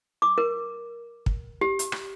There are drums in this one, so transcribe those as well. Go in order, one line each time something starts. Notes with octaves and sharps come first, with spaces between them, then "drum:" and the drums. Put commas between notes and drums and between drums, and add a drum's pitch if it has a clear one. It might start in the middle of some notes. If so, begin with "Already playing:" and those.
D6
A#4
drum: kick
G4
drum: hi-hat
drum: rim click